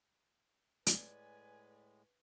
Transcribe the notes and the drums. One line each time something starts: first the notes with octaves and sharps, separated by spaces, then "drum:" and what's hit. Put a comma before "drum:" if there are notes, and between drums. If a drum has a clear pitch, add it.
A2 G#3 B4 D5 G#5, drum: hi-hat